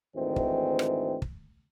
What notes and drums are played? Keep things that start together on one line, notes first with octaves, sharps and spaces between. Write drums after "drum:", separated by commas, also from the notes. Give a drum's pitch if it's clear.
D2 G#2 D#3 E3 C4
drum: kick
drum: rim click
drum: kick